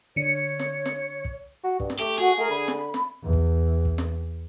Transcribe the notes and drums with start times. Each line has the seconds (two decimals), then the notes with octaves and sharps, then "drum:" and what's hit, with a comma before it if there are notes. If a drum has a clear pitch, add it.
0.16 D3 C#5 C#7
0.59 drum: snare
0.86 drum: snare
1.25 drum: kick
1.64 F#4
1.80 G2, drum: kick
1.90 drum: snare
2.00 A3 G4
2.18 F#4 G#4
2.38 A3 A#4
2.50 D3 B5
2.68 drum: snare
2.94 drum: snare
3.24 E2
3.33 drum: kick
3.85 drum: kick
3.98 drum: snare